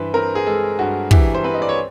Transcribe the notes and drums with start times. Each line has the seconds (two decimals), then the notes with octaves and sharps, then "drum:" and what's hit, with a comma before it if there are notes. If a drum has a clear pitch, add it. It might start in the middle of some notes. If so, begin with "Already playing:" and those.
Already playing: G2 E3 B4 C5
0.14 C4 A#4
0.35 G#4
0.46 G#3 A4
0.79 G2 F#4
1.11 E3 G4, drum: kick
1.35 C5
1.44 C4 B4
1.54 D#5
1.62 D5
1.69 C#5